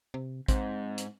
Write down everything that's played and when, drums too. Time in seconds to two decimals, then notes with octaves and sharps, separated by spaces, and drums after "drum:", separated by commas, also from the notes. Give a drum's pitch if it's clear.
0.14 C3
0.48 G#2 C4, drum: kick, hi-hat
0.98 drum: hi-hat